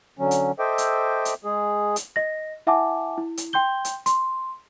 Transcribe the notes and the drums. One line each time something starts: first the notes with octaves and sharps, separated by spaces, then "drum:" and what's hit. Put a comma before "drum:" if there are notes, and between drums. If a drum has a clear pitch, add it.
D3 F#3 C#4
drum: hi-hat
A4 C5 D#5 E5 G5 D6
drum: hi-hat
drum: hi-hat
G#3 G#4
drum: hi-hat
D#5 A#6
E4 E5 F#5 G#5 A5 D6
E4
drum: hi-hat
G5 C6 G6 G7
drum: hi-hat
C6, drum: hi-hat